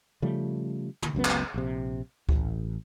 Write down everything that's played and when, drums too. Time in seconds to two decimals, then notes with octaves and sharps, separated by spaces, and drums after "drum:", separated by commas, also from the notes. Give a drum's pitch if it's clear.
0.22 C#3 F3 G3 A3
1.02 drum: tom
1.15 F#1 C#2 F#2 B3
1.25 drum: clap
1.54 A#1 C3
2.29 A1, drum: kick C#2